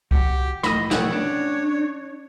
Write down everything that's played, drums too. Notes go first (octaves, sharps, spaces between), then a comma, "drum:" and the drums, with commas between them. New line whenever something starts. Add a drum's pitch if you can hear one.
F#4 G4, drum: kick C2
A2 D#5 B5 D#6, drum: snare
B2 G3 A3 C#5 F#5, drum: snare
C#4 D4